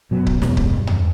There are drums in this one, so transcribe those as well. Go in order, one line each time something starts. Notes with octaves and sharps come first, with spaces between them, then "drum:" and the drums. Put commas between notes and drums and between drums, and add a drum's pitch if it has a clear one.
F#2 B2 F#3 B3
drum: kick C#1
E2 G2 B2 G#3 C#4, drum: snare
drum: kick C#1
drum: tom E2